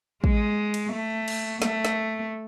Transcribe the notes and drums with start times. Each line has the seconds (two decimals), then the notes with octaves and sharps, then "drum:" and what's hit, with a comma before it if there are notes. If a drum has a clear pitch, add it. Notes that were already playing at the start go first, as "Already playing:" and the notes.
0.24 G#3, drum: kick
0.74 drum: cymbal
0.93 A3
1.28 drum: cymbal
1.62 A3, drum: snare
1.85 drum: snare